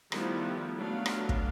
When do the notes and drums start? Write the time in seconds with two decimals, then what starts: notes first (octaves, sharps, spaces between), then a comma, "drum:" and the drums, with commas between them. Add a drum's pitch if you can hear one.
0.12 D#3 F3 G3 A3 B3 E4, drum: rim click
0.78 F#3 A3 B3 D4 F5
1.06 drum: rim click
1.29 drum: kick